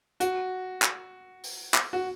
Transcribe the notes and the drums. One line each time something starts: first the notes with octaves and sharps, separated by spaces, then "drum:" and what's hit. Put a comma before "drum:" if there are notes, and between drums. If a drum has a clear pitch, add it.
F#4, drum: hi-hat
drum: clap
drum: open hi-hat
drum: clap
F#4